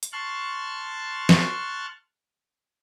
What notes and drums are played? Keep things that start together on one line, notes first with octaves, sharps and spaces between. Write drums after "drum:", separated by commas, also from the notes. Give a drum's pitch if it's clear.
drum: hi-hat
A5 C6 C#6 F6 F#6
drum: snare